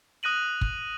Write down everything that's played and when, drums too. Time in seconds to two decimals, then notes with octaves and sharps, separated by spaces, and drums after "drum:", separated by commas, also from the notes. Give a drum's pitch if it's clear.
0.23 D#6 F#6 A#6 D#7 F#7
0.61 drum: kick